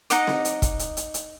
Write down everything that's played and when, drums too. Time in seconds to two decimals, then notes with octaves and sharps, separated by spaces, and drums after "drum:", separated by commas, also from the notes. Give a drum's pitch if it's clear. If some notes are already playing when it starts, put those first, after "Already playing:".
0.10 D#4 D#5 F#5 D6, drum: hi-hat
0.27 drum: snare C4
0.45 drum: hi-hat
0.62 drum: kick, hi-hat
0.79 drum: hi-hat
0.97 drum: hi-hat
1.14 drum: hi-hat